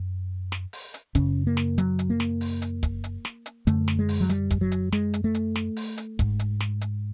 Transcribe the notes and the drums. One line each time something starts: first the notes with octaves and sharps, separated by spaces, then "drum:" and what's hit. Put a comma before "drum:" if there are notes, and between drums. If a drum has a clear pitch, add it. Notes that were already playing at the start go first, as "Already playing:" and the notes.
Already playing: F#2
drum: snare
drum: open hi-hat
drum: hi-hat
F#2 C#3 C#4, drum: kick, hi-hat
A#3
drum: snare
F#3, drum: hi-hat
drum: hi-hat
A#3
drum: snare
drum: open hi-hat
drum: hi-hat
drum: kick, hi-hat
drum: hi-hat
drum: snare
drum: hi-hat
F#2 D3 A3, drum: hi-hat
drum: snare
G#3
drum: open hi-hat
F#3
G3, drum: hi-hat
drum: kick, hi-hat
F#3
drum: hi-hat
G#3, drum: snare
drum: hi-hat
A3
drum: hi-hat
drum: snare
drum: open hi-hat
drum: hi-hat
G#2, drum: kick, hi-hat
drum: hi-hat
drum: snare
drum: hi-hat